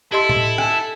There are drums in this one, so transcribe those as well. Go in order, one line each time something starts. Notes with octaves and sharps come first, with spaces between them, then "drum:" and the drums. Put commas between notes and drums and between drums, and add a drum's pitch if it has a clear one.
E4 G4 A4 D#5 C6
drum: tom A2
A4 G#5, drum: rim click